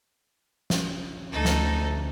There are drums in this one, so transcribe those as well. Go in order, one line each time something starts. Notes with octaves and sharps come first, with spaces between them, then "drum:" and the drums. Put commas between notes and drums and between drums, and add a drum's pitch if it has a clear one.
drum: snare
D2 D#4 A4
drum: snare